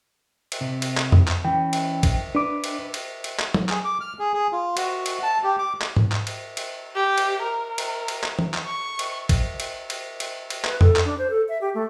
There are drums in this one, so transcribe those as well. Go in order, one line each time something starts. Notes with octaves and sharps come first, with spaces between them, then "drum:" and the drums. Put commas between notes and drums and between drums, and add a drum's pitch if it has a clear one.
drum: cymbal
C3
drum: cymbal
drum: clap
drum: tom F2
drum: clap
E3 C#4 G5
drum: cymbal
drum: kick, cymbal
D4 B4 D6
drum: cymbal
drum: cymbal
drum: cymbal
drum: clap
drum: tom F#3
G#4, drum: clap
D6
F6
G#4
G#4
F4
F#4, drum: cymbal
drum: cymbal
A5
G4
D6
drum: clap
drum: tom G#2
drum: clap
drum: cymbal
drum: cymbal
G4
drum: cymbal
A#4
drum: cymbal
drum: cymbal
drum: clap
drum: tom E3
drum: clap
C#6
drum: cymbal
drum: kick, cymbal
drum: cymbal
drum: cymbal
drum: cymbal
drum: cymbal
B4, drum: clap
A4, drum: tom F2
drum: clap
D4
C5
A4
E5
G4
A3